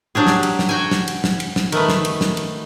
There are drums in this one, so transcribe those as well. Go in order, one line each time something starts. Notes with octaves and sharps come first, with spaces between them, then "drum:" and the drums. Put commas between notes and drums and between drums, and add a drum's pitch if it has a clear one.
F#3 D4 G4 G#4
drum: snare
drum: cymbal
drum: snare
F#4 G5 G#5
drum: snare
drum: cymbal
drum: snare
drum: cymbal
drum: snare
D#3 A3 B4, drum: cymbal
drum: snare
drum: cymbal
drum: snare
drum: cymbal